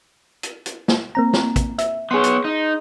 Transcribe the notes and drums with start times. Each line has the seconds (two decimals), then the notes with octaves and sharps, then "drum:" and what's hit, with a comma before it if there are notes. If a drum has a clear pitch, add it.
0.43 drum: hi-hat
0.66 drum: hi-hat
0.88 drum: snare
1.15 A#3 C4 A#5
1.33 drum: snare
1.56 drum: kick, hi-hat
1.78 E5, drum: hi-hat
2.11 B3 G#4 C#5 C6
2.24 drum: hi-hat
2.45 D#4